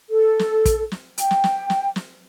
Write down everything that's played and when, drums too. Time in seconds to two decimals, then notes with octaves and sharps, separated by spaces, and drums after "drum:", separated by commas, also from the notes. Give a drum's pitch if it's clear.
0.10 A4
0.39 drum: snare
0.65 drum: kick, hi-hat
0.92 drum: snare
1.18 G5, drum: hi-hat
1.31 drum: snare
1.44 drum: snare
1.70 drum: snare
1.96 drum: snare